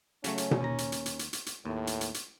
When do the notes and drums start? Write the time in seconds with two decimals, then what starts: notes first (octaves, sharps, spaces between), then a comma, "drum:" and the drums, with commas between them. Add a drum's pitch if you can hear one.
0.24 C#3 F#3 A3 C#4, drum: hi-hat
0.38 drum: hi-hat
0.51 drum: tom B2
0.61 D#2 A#5
0.78 drum: hi-hat
0.92 drum: hi-hat
1.06 drum: hi-hat
1.19 drum: hi-hat
1.33 drum: hi-hat
1.46 drum: hi-hat
1.65 D#2 A2
1.87 drum: hi-hat
2.01 drum: hi-hat
2.14 drum: hi-hat